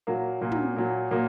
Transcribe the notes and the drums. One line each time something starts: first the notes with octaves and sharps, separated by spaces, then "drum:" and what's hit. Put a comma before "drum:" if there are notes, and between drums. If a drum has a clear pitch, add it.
A#2 F#3 A#3
A#2 F#3 A#3
drum: tom
A#2 F#3 A#3
A#2 F#3 A#3